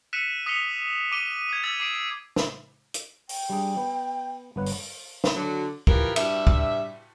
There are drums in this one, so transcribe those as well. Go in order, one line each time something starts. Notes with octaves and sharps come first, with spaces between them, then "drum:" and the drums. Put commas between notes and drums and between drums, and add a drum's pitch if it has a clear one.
E6 F#6 B6 C#7 D#7 E7
D#6 B6 C#7 F7 G7
D6 D#7 G7
D#6 G#6
E6 A6
D6 C7 D7
drum: snare
drum: hi-hat
G5, drum: open hi-hat
G3 D4 G#4
B3
G1 B3 C#5 F#5
drum: open hi-hat
drum: snare
D3 F#3
E3 F3 G4 A#4, drum: kick
G2 G3 E5, drum: cymbal
drum: kick